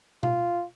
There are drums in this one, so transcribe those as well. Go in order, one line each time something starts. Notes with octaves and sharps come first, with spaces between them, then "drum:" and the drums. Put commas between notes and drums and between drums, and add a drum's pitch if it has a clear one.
F4, drum: tom B2